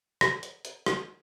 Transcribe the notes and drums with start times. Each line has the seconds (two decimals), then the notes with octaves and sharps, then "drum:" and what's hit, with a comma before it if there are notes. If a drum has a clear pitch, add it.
0.21 A#6, drum: rim click
0.43 drum: hi-hat
0.65 drum: hi-hat
0.86 drum: rim click